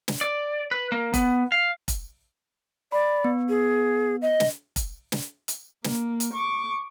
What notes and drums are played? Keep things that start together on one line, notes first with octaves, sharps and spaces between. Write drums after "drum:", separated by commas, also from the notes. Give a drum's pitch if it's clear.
drum: snare
D5
B4
A#3
B3, drum: kick F1, hi-hat
F5
drum: kick F1, hi-hat
D5 B5
B3
G#4
D#5
drum: snare
drum: kick F1, hi-hat
drum: snare
drum: hi-hat
A#3, drum: snare
drum: hi-hat
C#6 D6